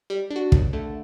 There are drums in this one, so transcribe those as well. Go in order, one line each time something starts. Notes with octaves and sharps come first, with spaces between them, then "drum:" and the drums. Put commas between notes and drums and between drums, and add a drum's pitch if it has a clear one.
G3
D4
F#4
D#2, drum: kick
D3 A3